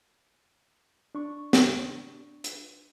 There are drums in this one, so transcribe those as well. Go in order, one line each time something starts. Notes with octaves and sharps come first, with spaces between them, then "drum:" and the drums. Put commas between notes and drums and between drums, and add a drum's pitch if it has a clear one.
D4 C#6
drum: snare
drum: hi-hat